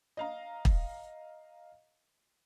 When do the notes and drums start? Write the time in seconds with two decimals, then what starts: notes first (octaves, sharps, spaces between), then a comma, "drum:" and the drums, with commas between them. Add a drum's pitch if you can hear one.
0.17 D#5 F5 A#5
0.65 drum: kick